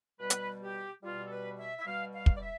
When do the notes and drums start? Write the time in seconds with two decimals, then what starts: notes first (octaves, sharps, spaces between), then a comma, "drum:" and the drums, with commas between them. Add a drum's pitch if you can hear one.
0.20 B2 G3 B4
0.30 drum: hi-hat
0.62 G4
1.03 B2 G3 F4
1.26 A4
1.31 B4
1.59 E5
1.79 E5
1.86 B2 G3 F5
2.13 F5
2.26 drum: kick
2.35 D5
2.41 E5